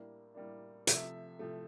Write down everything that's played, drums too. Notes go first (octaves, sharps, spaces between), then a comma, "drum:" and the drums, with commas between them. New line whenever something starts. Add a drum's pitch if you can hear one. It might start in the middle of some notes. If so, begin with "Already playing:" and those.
Already playing: A2 G3 A#3 D4
A2 G3 A#3 D4
C3 F3 A3 E5, drum: hi-hat
C3 F3 A3